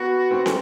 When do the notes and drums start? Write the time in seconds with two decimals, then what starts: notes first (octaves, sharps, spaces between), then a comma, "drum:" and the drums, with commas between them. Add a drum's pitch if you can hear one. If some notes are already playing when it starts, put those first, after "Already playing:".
Already playing: B3 F#4
0.31 C4
0.46 drum: snare